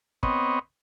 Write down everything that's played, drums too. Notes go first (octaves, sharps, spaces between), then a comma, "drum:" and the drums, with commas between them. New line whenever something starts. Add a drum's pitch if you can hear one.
B3 C4 C#5 D#5, drum: kick